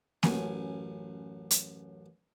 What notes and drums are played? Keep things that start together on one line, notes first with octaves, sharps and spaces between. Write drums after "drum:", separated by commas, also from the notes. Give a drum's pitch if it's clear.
A1 F#2 G#5, drum: snare A#3
drum: hi-hat